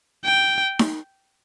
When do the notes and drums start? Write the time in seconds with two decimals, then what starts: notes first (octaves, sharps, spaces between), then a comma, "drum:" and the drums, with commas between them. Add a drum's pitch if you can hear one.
0.25 G5
0.79 drum: snare D#4